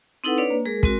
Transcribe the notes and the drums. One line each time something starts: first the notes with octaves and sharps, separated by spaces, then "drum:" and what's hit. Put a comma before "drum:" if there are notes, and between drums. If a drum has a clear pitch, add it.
C4 D#4 E4 A4 B4 F#5
D4 B4 C#5 D5
A#3
G#3 G#4 A#4
G#3 C4 F#4 A#4, drum: kick